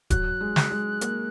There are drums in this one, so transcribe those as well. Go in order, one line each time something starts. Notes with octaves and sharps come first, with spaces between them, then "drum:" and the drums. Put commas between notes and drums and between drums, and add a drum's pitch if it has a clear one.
F#3 F#6, drum: kick D1, hi-hat
G#3
drum: snare
G#3
A#3, drum: hi-hat